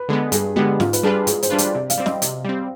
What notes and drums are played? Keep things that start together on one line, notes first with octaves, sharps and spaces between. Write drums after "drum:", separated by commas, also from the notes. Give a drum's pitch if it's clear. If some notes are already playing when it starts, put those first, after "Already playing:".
Already playing: B4
D3 G#3 B3
G2 G#4, drum: hi-hat
D3 G#3 B3 G4
G#2 F4, drum: snare
B4, drum: hi-hat
G3 D4 F4 G#4 B4
G#2 G#4, drum: hi-hat
C5, drum: hi-hat
G3 D4 F4 B4
D5, drum: hi-hat
C3 D5
F5, drum: hi-hat
G3 C4
D#5, drum: snare
C3, drum: hi-hat
G3 C4